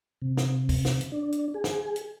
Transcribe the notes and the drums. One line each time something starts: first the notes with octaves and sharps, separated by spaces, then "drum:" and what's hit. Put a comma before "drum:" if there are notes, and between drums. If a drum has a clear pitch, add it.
C3
drum: snare
drum: kick, open hi-hat
drum: snare
drum: hi-hat
D4
drum: hi-hat
G#4
drum: snare
drum: hi-hat